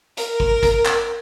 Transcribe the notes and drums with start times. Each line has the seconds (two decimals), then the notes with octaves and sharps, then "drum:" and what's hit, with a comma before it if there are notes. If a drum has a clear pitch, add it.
0.17 A#4, drum: hi-hat
0.40 drum: kick
0.63 drum: kick, hi-hat
0.86 drum: clap